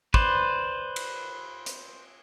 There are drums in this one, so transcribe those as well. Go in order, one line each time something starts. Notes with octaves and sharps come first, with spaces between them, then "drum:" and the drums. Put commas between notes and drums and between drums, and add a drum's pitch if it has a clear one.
B4 C5 D5, drum: kick
drum: cymbal
drum: hi-hat